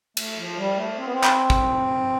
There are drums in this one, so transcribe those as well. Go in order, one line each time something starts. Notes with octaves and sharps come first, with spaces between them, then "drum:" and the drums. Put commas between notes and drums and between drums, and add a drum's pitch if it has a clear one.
A3, drum: cymbal
F3
G3
A3
C4
B3
C4
drum: clap
drum: kick